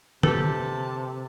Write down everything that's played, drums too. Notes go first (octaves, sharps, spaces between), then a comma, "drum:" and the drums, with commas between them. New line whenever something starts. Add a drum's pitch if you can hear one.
C3 G4 A4 B4 A5, drum: tom D3